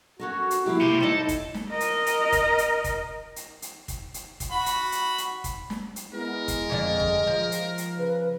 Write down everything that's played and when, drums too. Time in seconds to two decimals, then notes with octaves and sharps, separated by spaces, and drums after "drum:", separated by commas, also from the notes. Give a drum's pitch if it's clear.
0.20 C#4 F#4 A4 A#4
0.51 drum: hi-hat
0.66 F3 A#3 E4 G4
0.81 C3 A#3 G4
1.03 D#4 A4 C#5 D#5
1.28 drum: kick, hi-hat
1.54 drum: snare
1.70 A#4 D#5
1.80 drum: hi-hat
2.06 drum: hi-hat
2.32 drum: kick, hi-hat
2.58 drum: hi-hat
2.84 drum: kick, hi-hat
3.36 drum: hi-hat
3.62 drum: hi-hat
3.88 drum: kick, hi-hat
4.14 drum: hi-hat
4.40 drum: kick, hi-hat
4.51 F#4 B5
4.66 drum: hi-hat
4.92 drum: hi-hat
5.18 drum: hi-hat
5.44 drum: kick, hi-hat
5.70 drum: snare
5.96 drum: hi-hat
6.13 G#3 B3 E4 A#4
6.48 drum: kick, hi-hat
6.70 F2 D3 D5 D#5
7.00 drum: kick
7.27 F3
7.52 drum: hi-hat
7.78 drum: hi-hat
7.97 C#3 B4